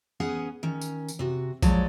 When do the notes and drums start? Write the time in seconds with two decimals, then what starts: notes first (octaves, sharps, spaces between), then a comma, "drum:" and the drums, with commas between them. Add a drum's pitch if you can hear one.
0.20 B3 C#4 G#4 F#5
0.63 D#3 C#4
0.81 drum: tambourine
1.08 drum: tambourine
1.19 C3 F#4
1.63 F3 F#3 G#3 C#5 D5, drum: kick A#1, tambourine